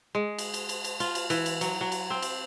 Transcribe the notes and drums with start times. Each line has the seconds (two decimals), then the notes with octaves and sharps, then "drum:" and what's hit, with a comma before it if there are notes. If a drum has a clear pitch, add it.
0.15 G#3
0.39 drum: cymbal
0.54 drum: cymbal
0.69 drum: cymbal
0.84 drum: cymbal
1.00 F4, drum: cymbal
1.15 drum: cymbal
1.30 E3, drum: cymbal
1.46 drum: cymbal
1.61 F#3, drum: cymbal
1.81 F#3
1.92 drum: cymbal
2.10 C4
2.22 drum: cymbal